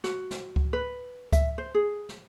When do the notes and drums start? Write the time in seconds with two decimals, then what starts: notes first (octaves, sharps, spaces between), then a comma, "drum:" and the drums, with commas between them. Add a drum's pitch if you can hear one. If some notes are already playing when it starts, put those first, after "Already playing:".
0.04 F#4, drum: snare
0.31 drum: snare
0.56 drum: kick C#2
0.73 B4
1.32 E5, drum: kick C#2, hi-hat
1.58 C5
1.74 G#4
2.09 drum: snare